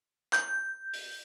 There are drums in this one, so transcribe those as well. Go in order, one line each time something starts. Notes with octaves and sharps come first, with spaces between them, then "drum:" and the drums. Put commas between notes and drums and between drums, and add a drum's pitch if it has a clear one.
G6, drum: clap
drum: open hi-hat